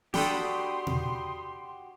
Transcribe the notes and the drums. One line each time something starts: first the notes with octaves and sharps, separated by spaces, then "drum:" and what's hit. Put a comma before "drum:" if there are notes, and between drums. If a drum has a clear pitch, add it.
D4 F#4 G4 A4 G5 B5 C6 D#6, drum: snare
drum: tom B2